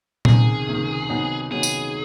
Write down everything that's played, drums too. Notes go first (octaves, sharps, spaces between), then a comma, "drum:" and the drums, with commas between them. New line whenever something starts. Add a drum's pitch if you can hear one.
C#2 C3 D#3 G#4, drum: tom A#2
C#2 C3 D#3
C3 D#3 F#3 B3 D#4
C3 D#3 F#3 B3 D#4 G#4
drum: tambourine